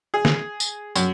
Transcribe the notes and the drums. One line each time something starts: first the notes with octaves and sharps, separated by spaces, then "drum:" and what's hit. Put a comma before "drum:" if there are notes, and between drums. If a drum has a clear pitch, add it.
G#4
drum: snare
drum: tambourine
F#2, drum: tambourine